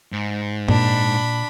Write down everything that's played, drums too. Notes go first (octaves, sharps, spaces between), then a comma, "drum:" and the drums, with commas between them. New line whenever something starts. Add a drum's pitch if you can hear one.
G#2
A#2 D4 B5, drum: tom G2